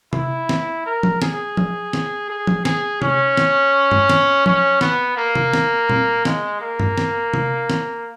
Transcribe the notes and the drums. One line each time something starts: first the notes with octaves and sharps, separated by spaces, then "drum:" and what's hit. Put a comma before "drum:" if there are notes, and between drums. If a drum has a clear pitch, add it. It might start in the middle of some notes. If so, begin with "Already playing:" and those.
E4, drum: tom C3
drum: snare
A#4
drum: tom F3
G#4, drum: snare
drum: tom F3
drum: snare
G#4
drum: tom F3
G#4, drum: snare
C#4, drum: tom C3
drum: snare
drum: tom
drum: snare
C#4, drum: tom F3
B3, drum: snare
A#3
drum: tom C3
drum: snare
drum: tom
G#3, drum: snare
A#3
drum: tom
drum: snare
drum: tom C3
drum: snare